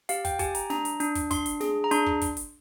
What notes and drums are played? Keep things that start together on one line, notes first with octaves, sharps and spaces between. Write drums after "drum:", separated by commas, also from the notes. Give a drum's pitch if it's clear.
G4 F5, drum: hi-hat
G5, drum: kick, hi-hat
G4 G#5, drum: kick, hi-hat
A#5, drum: hi-hat
D4 A#5, drum: snare
drum: hi-hat
D4, drum: hi-hat
drum: kick, hi-hat
D4 C6, drum: kick, hi-hat
drum: hi-hat
G#4, drum: snare
A#5
D4 C6, drum: hi-hat
drum: kick
drum: kick, hi-hat
drum: hi-hat